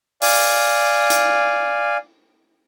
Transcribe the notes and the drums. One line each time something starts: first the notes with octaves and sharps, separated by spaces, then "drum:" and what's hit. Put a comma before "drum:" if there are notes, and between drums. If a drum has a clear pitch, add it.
D5 F5 G#5, drum: open hi-hat
drum: hi-hat